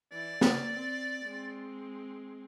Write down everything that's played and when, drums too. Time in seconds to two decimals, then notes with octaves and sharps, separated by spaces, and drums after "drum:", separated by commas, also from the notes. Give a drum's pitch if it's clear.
0.12 E3 E4 D5
0.41 A#3 A#4, drum: snare
0.73 C4
1.25 G#3 C4